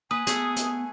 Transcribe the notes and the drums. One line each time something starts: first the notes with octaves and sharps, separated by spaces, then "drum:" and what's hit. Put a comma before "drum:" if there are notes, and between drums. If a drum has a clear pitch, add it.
A#3 B4 G#5 D#6
A3 B3 G#4, drum: hi-hat
drum: hi-hat